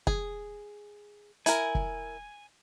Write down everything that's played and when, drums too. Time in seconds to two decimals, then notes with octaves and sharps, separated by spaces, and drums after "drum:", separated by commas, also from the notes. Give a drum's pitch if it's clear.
0.07 G#4, drum: kick
1.46 E4 A#4 G#5, drum: hi-hat
1.75 drum: kick